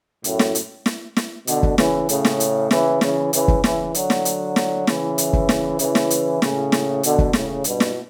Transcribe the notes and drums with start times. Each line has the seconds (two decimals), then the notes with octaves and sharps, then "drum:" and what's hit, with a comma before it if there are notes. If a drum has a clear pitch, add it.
0.24 F#2 A2, drum: hi-hat
0.39 drum: snare
0.55 drum: hi-hat
0.86 drum: snare
1.17 drum: snare
1.47 B2 D3, drum: hi-hat
1.63 drum: kick
1.78 C#3 E3, drum: snare
2.09 A2 C#3, drum: hi-hat
2.25 drum: snare
2.40 drum: hi-hat
2.71 C#3 E3, drum: snare
3.01 C#3 E3, drum: snare
3.33 C#3 E3, drum: hi-hat
3.48 drum: kick
3.64 C#3 E3, drum: snare
3.94 D3 F#3, drum: hi-hat
4.10 drum: snare
4.25 drum: hi-hat
4.56 drum: snare
4.87 C#3 E3, drum: snare
5.18 drum: hi-hat
5.33 drum: kick
5.49 drum: snare
5.79 C#3 E3, drum: hi-hat
5.95 drum: snare
6.10 drum: hi-hat
6.42 A2 C#3, drum: snare
6.72 drum: snare
7.03 B2 D3, drum: hi-hat
7.18 drum: kick
7.33 A2 C#3, drum: snare
7.64 G2 B2, drum: hi-hat
7.80 drum: snare